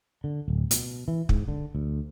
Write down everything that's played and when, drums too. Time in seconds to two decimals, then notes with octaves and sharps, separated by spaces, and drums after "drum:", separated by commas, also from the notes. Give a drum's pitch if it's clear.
0.24 D3
0.48 D1
0.71 B2, drum: hi-hat
1.08 E3
1.29 G#2, drum: kick
1.48 D3
1.75 D2